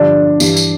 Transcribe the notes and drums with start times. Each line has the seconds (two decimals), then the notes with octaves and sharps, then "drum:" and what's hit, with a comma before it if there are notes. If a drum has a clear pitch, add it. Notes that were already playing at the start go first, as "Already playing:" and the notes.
Already playing: G2 D3 F3 D4 D5
0.40 G2 E3 G3, drum: tambourine
0.57 drum: tambourine